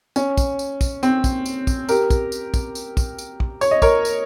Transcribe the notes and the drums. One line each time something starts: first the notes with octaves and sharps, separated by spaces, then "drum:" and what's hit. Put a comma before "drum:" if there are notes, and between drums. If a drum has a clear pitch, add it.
C#4, drum: tambourine
drum: kick, tambourine
drum: tambourine
drum: kick, tambourine
C4, drum: tambourine
drum: kick, tambourine
drum: tambourine
drum: kick, tambourine
G4 A#4, drum: tambourine
drum: kick, tambourine
drum: tambourine
drum: kick, tambourine
drum: tambourine
drum: kick, tambourine
drum: tambourine
drum: kick
C#5, drum: tambourine
D#5
A#4 C#5, drum: kick, tambourine
drum: tambourine